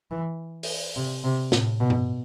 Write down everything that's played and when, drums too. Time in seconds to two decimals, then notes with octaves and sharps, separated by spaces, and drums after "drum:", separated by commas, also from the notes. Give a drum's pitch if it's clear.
0.11 E3
0.63 drum: open hi-hat
0.96 C3
1.24 C3
1.52 A2, drum: snare
1.80 B2
1.90 drum: tom G2